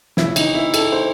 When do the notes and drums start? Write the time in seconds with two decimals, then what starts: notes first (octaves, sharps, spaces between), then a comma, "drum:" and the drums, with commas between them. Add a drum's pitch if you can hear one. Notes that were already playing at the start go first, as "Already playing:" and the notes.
0.17 C#3 E3 E4, drum: snare
0.36 D#4, drum: cymbal
0.55 E4
0.74 A4, drum: cymbal
0.92 C5